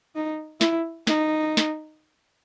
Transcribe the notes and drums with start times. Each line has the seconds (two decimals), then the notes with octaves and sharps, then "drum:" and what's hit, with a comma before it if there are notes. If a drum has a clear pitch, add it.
0.15 D#4
0.61 E4, drum: snare
1.07 D#4, drum: snare
1.57 drum: snare